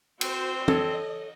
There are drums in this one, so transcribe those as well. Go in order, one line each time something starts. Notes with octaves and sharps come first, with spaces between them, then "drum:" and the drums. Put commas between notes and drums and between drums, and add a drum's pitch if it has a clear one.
C4 F#4 C5, drum: cymbal
A4 C#5 D#5, drum: tom